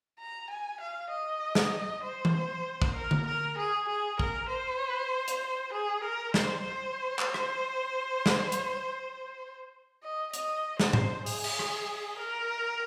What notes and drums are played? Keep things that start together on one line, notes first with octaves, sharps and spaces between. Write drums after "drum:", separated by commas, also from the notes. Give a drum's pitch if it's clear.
A#5
G#5
F5
D#5
drum: snare
C5
drum: tom E3
drum: kick
A#4
drum: tom D3
A#4
G#4
G#4
A#4, drum: kick
C5
drum: hi-hat
G#4
A#4
C5, drum: snare
C5
drum: clap
drum: rim click
drum: snare
drum: hi-hat
D#5
D#5, drum: hi-hat
C5, drum: snare
drum: tom G#2
G#4, drum: open hi-hat
drum: cymbal
drum: rim click
A#4